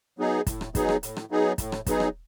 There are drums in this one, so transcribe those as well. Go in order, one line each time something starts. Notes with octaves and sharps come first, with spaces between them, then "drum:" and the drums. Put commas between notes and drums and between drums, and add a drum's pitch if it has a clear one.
F#3 B3 D#4 G#4
A2, drum: kick, hi-hat
drum: rim click
F#3 B3 D#4 G#4, drum: kick, hi-hat
drum: rim click
A2, drum: hi-hat
drum: rim click
F#3 B3 D#4 G#4
A2, drum: kick, hi-hat
drum: rim click
F#3 B3 D#4 G#4, drum: kick, hi-hat
drum: rim click